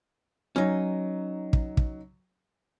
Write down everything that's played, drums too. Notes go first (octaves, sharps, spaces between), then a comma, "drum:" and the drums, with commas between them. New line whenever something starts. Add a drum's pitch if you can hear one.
F#3 C#4 D#4
drum: kick
drum: kick